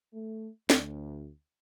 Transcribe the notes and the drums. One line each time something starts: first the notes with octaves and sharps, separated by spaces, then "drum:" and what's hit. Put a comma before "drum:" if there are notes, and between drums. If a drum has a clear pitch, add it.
A3
D2, drum: snare